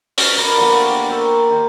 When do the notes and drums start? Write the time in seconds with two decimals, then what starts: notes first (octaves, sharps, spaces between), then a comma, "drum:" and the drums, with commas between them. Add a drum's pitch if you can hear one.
0.18 C#4, drum: open hi-hat
0.37 A#4 B4 D5 B5
0.57 D3 F3 A#3 B3
0.72 F#4 G4 F5
1.09 G4 A#4 E5 C#6
1.50 D#3 C5